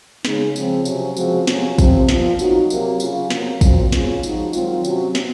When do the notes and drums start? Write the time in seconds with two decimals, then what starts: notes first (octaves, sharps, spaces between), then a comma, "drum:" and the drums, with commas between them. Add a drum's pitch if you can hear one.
0.25 C#3 G#3 D#4, drum: snare
0.56 C#3 F3 C4, drum: tambourine
0.85 C3 F#3 C#4, drum: tambourine
1.17 C#3 F3 G#3 C4 F#4, drum: tambourine
1.47 C3 F#3 C#4 F4, drum: snare
1.78 C3 F3 C4, drum: kick, tambourine
2.09 A#2 F3 C4 F4, drum: snare
2.39 F#3 A#3 D#4 F#4, drum: tambourine
2.70 C3 F#3 A#3, drum: tambourine
3.00 C#3 F#3 C#4 F4, drum: tambourine
3.30 C3 F#3 A#3, drum: snare
3.61 A#2 F#3 C4 F#4, drum: kick, tambourine
3.92 C#3 G#3 C#4 F4, drum: snare
4.23 F3 G#3 D#4 F#4, drum: tambourine
4.53 D#3 F#3 C4 F4, drum: tambourine
4.85 C3 F#3 C#4 F#4, drum: tambourine
5.15 drum: snare